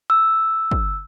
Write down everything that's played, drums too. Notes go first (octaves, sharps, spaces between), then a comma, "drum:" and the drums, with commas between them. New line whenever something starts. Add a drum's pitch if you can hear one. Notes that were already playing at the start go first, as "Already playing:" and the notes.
E6
drum: kick